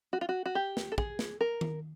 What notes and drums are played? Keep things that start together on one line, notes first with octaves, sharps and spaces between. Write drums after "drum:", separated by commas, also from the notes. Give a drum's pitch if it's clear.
F#4
F4
F#4
F#4
G4
drum: snare
A4
G#4, drum: kick
drum: snare
A#4
drum: tom D#3